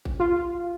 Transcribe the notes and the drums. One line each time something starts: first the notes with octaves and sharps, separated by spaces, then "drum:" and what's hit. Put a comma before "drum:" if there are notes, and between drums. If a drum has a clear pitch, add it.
drum: kick A1
F4